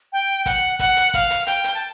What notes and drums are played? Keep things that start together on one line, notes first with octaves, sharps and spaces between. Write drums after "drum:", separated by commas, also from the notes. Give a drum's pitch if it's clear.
G5
F#5, drum: kick, hi-hat
F#5, drum: kick, hi-hat
drum: hi-hat
F5, drum: kick, hi-hat
drum: hi-hat
G5, drum: hi-hat
drum: hi-hat
A5